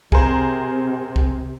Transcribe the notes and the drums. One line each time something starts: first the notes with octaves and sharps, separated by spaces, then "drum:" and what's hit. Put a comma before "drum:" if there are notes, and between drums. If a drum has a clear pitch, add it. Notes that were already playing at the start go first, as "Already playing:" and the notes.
C3 G#4 A#4 C5, drum: kick C2
drum: kick C2